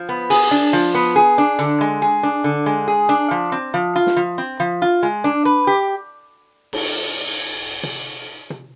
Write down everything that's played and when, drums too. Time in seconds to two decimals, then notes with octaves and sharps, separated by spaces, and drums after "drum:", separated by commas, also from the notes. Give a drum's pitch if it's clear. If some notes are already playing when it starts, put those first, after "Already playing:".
Already playing: F3
0.09 B3
0.30 G#4, drum: open hi-hat
0.51 D4
0.73 F3
0.94 B3
1.16 G#4
1.38 D4
1.59 D3, drum: hi-hat
1.81 G#3
2.02 G#4
2.23 D4
2.44 D3
2.66 G#3
2.88 G#4
3.09 D4
3.31 F3
3.52 C4
3.74 F3
3.96 F4
4.07 drum: snare
4.16 F3
4.38 C4
4.60 F3
4.82 F4
5.03 G#3
5.24 D4
5.45 B4
5.67 G4
6.73 drum: cymbal
7.83 drum: tom
8.50 drum: tom